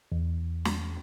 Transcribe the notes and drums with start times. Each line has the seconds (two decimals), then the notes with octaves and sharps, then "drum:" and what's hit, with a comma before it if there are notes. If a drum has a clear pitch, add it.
0.12 E2
0.65 drum: snare